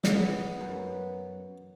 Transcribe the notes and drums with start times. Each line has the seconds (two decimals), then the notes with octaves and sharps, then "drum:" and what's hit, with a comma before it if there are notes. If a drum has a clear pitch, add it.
0.04 C#3 A#3 B3, drum: snare
0.61 F#2